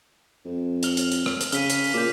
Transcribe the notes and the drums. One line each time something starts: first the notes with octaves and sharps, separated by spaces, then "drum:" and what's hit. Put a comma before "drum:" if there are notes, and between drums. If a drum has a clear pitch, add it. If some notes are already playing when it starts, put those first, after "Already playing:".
F2
F6 F7 F#7, drum: hi-hat
drum: hi-hat
drum: hi-hat
drum: rim click
drum: hi-hat
C#3 F6 B6 D#7, drum: hi-hat
drum: hi-hat
drum: open hi-hat
A#2 D6 G6